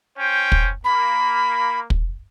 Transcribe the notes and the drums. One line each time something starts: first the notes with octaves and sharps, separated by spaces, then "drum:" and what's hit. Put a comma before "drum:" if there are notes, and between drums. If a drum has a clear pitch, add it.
C#4 C5 G5
drum: kick
A#3 B5
drum: kick